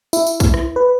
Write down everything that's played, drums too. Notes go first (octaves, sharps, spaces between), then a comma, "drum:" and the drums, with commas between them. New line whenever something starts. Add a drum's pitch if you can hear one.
E4, drum: tambourine
drum: tambourine
drum: kick, tambourine
drum: rim click
B4